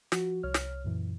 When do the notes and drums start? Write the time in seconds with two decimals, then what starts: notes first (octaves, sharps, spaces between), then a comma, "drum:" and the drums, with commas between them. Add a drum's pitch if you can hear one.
0.12 F3 F#4, drum: snare
0.43 C2 C#5 F6
0.54 drum: snare
0.84 F#2 A#2 E3